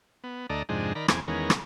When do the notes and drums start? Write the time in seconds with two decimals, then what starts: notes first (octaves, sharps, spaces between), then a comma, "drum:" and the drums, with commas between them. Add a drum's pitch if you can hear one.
0.24 B3
0.50 D2 A3 D5 D#5 A#5
0.69 F2 G#2 C3 G#3 D4 D#4
0.95 D#3 A#4 D5 B5
1.08 E2 C4 G#5 D6, drum: rim click
1.28 E2 D#3 G#3 B3 C#4 A#4
1.50 drum: rim click